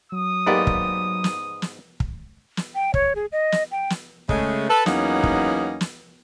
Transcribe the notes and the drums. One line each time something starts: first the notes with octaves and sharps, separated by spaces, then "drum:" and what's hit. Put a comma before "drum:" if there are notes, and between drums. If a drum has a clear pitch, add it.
F#3 D#6
G#2 A#3 B3 D#4 G4 D5
drum: kick
drum: snare
drum: snare
drum: kick
drum: snare
G5
C#5, drum: kick
G#4
D#5
drum: snare
G5
drum: snare
C#3 G#3 A3, drum: kick
A4 B4
E2 F#3 A#3 B3 C#4 D#4, drum: snare
drum: kick
drum: snare